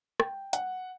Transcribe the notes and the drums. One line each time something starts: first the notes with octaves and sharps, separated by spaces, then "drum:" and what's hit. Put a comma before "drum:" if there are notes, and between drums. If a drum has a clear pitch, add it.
G5, drum: rim click
F#5, drum: hi-hat